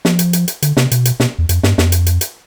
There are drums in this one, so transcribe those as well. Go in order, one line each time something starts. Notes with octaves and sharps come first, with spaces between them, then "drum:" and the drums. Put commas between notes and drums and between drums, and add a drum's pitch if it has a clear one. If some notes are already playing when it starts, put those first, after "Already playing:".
F3, drum: snare
drum: hi-hat
drum: hi-hat
drum: hi-hat
D3, drum: hi-hat
C3, drum: snare
B2, drum: hi-hat
drum: hi-hat
B2, drum: snare
E2
F2, drum: hi-hat
G2, drum: snare
F2, drum: snare
drum: hi-hat
drum: hi-hat
drum: hi-hat